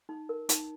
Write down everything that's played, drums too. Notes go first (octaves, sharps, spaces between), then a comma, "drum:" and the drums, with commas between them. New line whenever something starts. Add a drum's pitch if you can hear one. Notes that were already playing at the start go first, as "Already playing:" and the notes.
D#4
A#4
D#4, drum: hi-hat